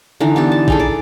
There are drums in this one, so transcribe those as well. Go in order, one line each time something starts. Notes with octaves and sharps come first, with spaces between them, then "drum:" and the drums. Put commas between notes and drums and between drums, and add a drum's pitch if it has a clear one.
D3 E3 D#4
B3 G4 A4
A5
D#4 G#4 A4, drum: kick A1
D5